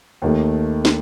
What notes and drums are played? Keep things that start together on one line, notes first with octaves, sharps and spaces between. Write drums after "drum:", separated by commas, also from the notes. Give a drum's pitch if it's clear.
D#2 D#3 A3
drum: snare